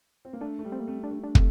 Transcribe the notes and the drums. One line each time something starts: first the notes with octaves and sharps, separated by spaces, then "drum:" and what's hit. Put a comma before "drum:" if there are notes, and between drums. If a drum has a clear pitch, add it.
C4
A#3
A3 D4
A3
G3
C4
A#3
A3 C4
D4
A3
D4
A3 C4, drum: kick